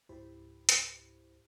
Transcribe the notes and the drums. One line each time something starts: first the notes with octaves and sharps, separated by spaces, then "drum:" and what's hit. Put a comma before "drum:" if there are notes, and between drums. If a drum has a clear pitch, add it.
C#2 G#2 E4 G4 C5 B5
drum: hi-hat